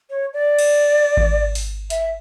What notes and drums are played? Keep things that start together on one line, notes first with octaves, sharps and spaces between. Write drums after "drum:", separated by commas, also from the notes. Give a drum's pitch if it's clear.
C#5
D5
drum: cymbal
drum: kick G#1
drum: open hi-hat
E5, drum: hi-hat